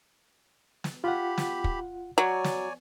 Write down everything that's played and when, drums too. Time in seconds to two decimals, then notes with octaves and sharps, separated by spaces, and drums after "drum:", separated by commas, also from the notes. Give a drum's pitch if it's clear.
0.84 drum: snare
1.04 F4 G4 F#5 B5
1.38 drum: snare
1.64 drum: kick
2.18 F#3 C#5 D5 G#5
2.44 drum: snare